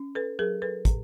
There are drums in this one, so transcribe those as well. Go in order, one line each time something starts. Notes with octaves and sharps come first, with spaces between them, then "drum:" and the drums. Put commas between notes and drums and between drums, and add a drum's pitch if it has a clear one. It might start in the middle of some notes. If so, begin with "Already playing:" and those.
Already playing: C#4
A4 B4
F#3 G#4 A#4
A4 B4
A2, drum: kick, hi-hat